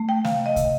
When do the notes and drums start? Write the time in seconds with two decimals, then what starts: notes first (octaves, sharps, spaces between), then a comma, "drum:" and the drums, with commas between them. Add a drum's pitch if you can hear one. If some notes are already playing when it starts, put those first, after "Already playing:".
Already playing: A3
0.09 G5
0.25 C3 F5, drum: snare
0.46 D#5
0.56 C3, drum: kick, hi-hat